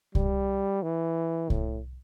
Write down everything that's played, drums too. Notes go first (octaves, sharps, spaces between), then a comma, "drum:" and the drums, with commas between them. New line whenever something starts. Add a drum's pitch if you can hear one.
G3, drum: kick C2
E3
A2, drum: kick C2